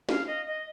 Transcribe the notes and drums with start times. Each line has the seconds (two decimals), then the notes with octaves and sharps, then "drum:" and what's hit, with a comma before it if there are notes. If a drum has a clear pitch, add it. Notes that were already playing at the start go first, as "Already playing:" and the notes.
0.09 F5, drum: snare
0.27 D#5
0.46 D#5